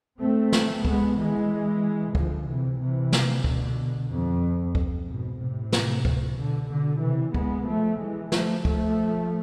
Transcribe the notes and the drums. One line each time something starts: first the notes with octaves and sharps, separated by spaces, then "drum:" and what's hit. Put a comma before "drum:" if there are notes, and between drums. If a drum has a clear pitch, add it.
A3 C4
drum: snare
G#3 B3, drum: kick
E3 G#3
D3 F3, drum: kick
C3 E3
C3 E3
drum: snare
B2 D3, drum: kick
F2
drum: kick
G#2 B2
A2 C3
drum: snare
drum: kick
B2 D3
B2 D3
C3 E3
G#3 B3, drum: kick
F3 A3
E3 G#3
F3 A3, drum: snare
F3 A3, drum: kick